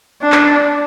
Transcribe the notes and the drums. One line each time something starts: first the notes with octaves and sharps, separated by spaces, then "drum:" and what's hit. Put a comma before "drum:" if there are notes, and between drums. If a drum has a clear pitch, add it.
D4
drum: clap